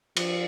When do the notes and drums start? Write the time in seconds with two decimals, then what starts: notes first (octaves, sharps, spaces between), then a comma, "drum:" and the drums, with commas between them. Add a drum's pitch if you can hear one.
0.17 F3, drum: cymbal